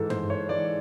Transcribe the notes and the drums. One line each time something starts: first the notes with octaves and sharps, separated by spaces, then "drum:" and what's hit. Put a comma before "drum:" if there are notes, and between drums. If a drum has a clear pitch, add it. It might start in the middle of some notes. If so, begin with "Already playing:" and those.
Already playing: G#2 E3 A4
C5, drum: tom G2
C#5
G#2 E3 D5